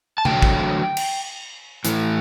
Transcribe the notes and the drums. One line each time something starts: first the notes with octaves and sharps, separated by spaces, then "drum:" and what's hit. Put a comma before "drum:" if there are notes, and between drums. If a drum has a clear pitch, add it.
A5
E2 D3 F#3 A3 G5, drum: tom C3
drum: kick
drum: cymbal
A2 E3 A3, drum: hi-hat